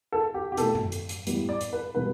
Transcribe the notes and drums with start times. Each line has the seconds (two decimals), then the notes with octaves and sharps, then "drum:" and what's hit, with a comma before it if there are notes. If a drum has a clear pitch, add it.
0.12 A4
0.34 G4
0.52 G4
0.57 B2 A3 A4, drum: hi-hat
0.75 drum: tom F#2
0.92 drum: hi-hat
1.09 drum: hi-hat
1.27 A2 G3 B3, drum: hi-hat
1.49 D5
1.61 drum: hi-hat
1.73 B4
1.95 B2 G3 B3 B4